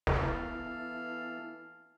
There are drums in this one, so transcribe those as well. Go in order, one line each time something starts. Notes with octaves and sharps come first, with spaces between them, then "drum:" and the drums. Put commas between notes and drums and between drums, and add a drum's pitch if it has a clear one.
drum: snare
E3 B3 E4 A4 F5 A5